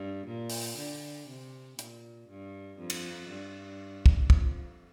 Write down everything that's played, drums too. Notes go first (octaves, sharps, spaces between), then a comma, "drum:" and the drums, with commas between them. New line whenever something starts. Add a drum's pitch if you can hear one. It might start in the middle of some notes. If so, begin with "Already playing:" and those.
Already playing: G2
A#2
drum: open hi-hat
D3
C3
A#2, drum: hi-hat
G2
F2
drum: cymbal
G2
drum: kick
F2, drum: kick